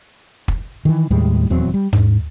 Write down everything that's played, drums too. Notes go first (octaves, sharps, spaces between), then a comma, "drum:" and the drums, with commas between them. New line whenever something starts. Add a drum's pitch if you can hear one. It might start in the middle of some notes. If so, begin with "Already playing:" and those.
drum: kick
D#3 E3
D#2 A2 G3 G#3
D#1 E2 F#3 C4
G3
G#2, drum: tom D#2